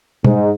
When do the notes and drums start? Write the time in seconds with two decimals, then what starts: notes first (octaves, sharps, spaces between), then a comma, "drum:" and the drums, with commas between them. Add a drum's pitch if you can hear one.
0.25 G#2, drum: tom B2